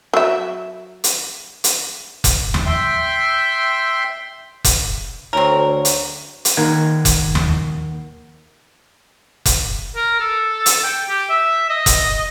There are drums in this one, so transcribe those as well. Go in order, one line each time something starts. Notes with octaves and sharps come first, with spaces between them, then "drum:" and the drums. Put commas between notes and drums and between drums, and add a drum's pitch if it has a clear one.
F#3 E5
drum: hi-hat
drum: hi-hat
drum: kick F1, hi-hat
drum: tom D#2
E5 G5 C6
drum: kick F1, hi-hat
D2 C4 A#4 C#5 A#5 C#6
drum: hi-hat
drum: hi-hat
D#3 A#3 A#4 F#5 G#6
drum: kick F1, hi-hat
drum: tom D#2
drum: kick F1, hi-hat
A#4
A4
drum: hi-hat
G5
G4
E5
D#5
drum: kick F1, hi-hat